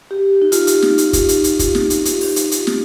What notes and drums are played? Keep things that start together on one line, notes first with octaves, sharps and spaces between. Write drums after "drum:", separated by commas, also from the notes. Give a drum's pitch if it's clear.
G4
D#4
F4, drum: hi-hat
drum: hi-hat
drum: snare
drum: hi-hat
drum: kick, hi-hat
drum: hi-hat
drum: hi-hat
drum: kick, hi-hat
drum: snare
drum: hi-hat
drum: hi-hat
drum: open hi-hat
drum: hi-hat
drum: hi-hat
drum: snare